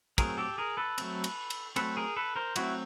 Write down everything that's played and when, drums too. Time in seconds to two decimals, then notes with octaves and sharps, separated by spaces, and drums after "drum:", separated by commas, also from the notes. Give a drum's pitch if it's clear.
0.18 F#3 A3 C4 G#4 A#4, drum: kick, cymbal
0.38 G4 A4
0.58 G#4 A#4
0.77 A4 B4
0.98 F#3 A3 C4, drum: cymbal
1.24 drum: cymbal
1.50 drum: cymbal
1.76 F#3 A3 C4 A4 B4, drum: cymbal
1.97 G#4 A#4
2.16 A4 B4
2.36 A#4 C5
2.56 F#3 A3 C4 E4 F#4, drum: cymbal